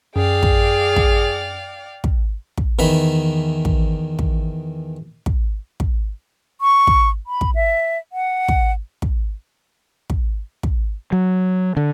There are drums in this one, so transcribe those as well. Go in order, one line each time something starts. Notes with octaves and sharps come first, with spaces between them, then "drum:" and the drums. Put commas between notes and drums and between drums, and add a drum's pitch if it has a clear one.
F#2 G#4 D5 F5 G5
drum: kick
drum: kick
drum: kick
drum: kick
E2 D#3 E3 B5
drum: kick
drum: kick
drum: kick
drum: kick
C#6
drum: kick
B5
drum: kick
E5
F#5
drum: kick
drum: kick
drum: kick
drum: kick
F#3
D3